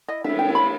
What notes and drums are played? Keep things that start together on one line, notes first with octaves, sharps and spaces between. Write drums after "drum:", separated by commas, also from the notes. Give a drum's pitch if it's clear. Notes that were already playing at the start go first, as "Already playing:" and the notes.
E4 D#5
E4 E5, drum: cymbal
G5
E4
B5